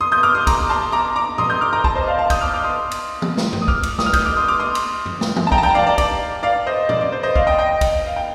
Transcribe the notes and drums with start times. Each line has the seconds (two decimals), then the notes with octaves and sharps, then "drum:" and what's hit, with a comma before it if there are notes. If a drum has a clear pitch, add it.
0.01 C6 D#6
0.12 D#6 G6
0.23 D6 F6
0.35 C6 D#6
0.47 A#5 D6, drum: kick, cymbal
0.70 A5 C6
0.92 A#5 D6
1.16 A#5 D6
1.38 C6 D#6, drum: tom A2
1.50 D#6 G6
1.61 D6 F6
1.73 A#5 D6
1.84 A5 C6, drum: kick
1.95 C5 D#5
2.07 D5 F5
2.19 F5 A5
2.30 D#6 G6, drum: kick, cymbal
2.41 D6 F6
2.54 D6 F6
2.64 C6 D#6
2.91 drum: cymbal
3.22 drum: tom E3
3.37 drum: snare
3.53 drum: tom F#2
3.62 D#6
3.68 D6 F6, drum: kick
3.83 drum: cymbal
3.99 D#6, drum: snare
4.06 F6
4.13 D#6 G6, drum: kick, cymbal
4.25 D6 F6
4.36 C6 D#6
4.48 D6 F6
4.60 C6 D#6
4.75 drum: cymbal
5.06 drum: tom F#2
5.21 drum: snare
5.36 drum: tom E3
5.47 A5
5.52 G5 A#5, drum: kick
5.58 A5
5.63 G5 A#5
5.74 D5 F5
5.87 D5
5.98 D5, drum: kick, cymbal
6.43 D5 F5
6.67 C5 D#5
6.89 D5, drum: tom A2
7.01 D5
7.12 C5
7.23 C5 D#5
7.36 D5 F5, drum: kick
7.47 D#5 G5
7.59 D#5 G5
7.81 drum: kick, cymbal
8.06 F5
8.16 G5